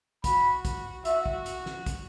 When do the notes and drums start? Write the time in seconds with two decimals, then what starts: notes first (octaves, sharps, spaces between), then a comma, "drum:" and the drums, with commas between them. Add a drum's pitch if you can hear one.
0.24 F#4 B5, drum: kick, hi-hat
0.65 drum: kick, hi-hat
1.05 F#4 E5, drum: hi-hat
1.26 drum: kick
1.46 drum: hi-hat
1.66 drum: snare
1.86 drum: kick, hi-hat